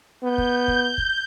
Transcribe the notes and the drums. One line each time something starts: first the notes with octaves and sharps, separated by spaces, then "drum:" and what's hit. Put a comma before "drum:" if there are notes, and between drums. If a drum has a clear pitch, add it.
B3 G6
drum: kick
drum: kick
drum: kick